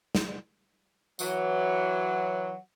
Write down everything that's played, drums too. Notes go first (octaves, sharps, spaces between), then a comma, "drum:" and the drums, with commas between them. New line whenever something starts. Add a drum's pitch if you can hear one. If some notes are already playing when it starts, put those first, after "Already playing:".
drum: snare
E3 F#3, drum: tambourine